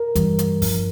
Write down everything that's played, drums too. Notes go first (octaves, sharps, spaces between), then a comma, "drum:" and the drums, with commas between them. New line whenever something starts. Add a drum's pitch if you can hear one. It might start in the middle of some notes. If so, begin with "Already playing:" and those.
Already playing: A#4
G2 E3 G3, drum: kick, hi-hat
drum: hi-hat
G2 F3, drum: kick, open hi-hat